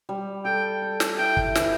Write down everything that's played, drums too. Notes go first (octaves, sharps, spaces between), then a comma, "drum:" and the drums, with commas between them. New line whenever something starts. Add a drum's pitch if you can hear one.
G3
A4 G5
A4
drum: snare
E4 G5
drum: kick
E3, drum: snare